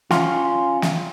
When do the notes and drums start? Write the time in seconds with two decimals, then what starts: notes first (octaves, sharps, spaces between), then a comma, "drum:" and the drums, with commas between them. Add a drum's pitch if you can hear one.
0.11 C#4 F4, drum: snare
0.82 drum: snare